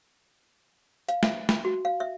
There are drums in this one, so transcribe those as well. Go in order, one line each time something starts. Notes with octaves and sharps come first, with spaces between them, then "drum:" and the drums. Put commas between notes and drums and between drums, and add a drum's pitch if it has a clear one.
F5, drum: hi-hat
E5, drum: snare
drum: snare
F#4
F5
E5